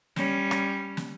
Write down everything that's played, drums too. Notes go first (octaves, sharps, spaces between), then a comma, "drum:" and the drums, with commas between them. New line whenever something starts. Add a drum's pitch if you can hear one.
G3 C#4, drum: snare
drum: rim click
drum: snare